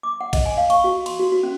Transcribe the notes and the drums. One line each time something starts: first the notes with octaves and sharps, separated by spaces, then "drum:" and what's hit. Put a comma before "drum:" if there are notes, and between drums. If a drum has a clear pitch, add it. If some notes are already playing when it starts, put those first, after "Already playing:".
D6
F#5
D#5, drum: kick A#1, cymbal
G#5
F5
C#6, drum: cymbal
F#4
C6, drum: cymbal
F#4
F#4
C#4